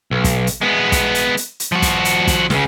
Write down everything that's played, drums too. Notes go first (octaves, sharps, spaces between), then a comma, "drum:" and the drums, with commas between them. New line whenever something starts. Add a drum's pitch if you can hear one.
B1
drum: kick, hi-hat
drum: hi-hat
G#3 B3
drum: kick, hi-hat
drum: hi-hat
drum: hi-hat
drum: hi-hat
F3 F#4
drum: kick, hi-hat
drum: hi-hat
drum: kick, hi-hat
C#2 C#3, drum: snare